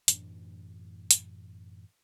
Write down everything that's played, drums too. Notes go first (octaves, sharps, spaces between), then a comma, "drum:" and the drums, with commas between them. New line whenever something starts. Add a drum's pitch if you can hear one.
F#2 A2 E3 D4, drum: hi-hat
drum: hi-hat